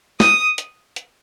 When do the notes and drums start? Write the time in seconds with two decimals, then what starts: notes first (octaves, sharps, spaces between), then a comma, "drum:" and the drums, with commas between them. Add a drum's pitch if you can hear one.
0.20 D#6, drum: snare
0.58 drum: hi-hat
0.96 drum: hi-hat